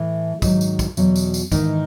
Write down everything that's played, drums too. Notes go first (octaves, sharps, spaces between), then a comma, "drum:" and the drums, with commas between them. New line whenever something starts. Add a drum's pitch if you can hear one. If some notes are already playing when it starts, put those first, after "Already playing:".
Already playing: A2 E3 E4
G#2 D#3 F#3, drum: kick, tambourine
drum: tambourine
drum: kick, tambourine
E2 B2 F#3, drum: tambourine
drum: tambourine
drum: tambourine
G#2 D#3 E3 D#4, drum: kick, tambourine